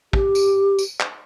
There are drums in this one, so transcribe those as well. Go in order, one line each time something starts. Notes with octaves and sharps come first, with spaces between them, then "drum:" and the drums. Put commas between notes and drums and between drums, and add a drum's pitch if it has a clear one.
G4, drum: kick
drum: tambourine
drum: tambourine
drum: clap